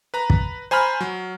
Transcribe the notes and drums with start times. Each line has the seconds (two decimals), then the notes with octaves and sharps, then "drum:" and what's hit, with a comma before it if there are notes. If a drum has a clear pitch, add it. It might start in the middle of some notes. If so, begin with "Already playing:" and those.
0.14 B4 A#5
0.30 drum: kick
0.71 C5 G#5 A#5 B5 F6
1.01 F#3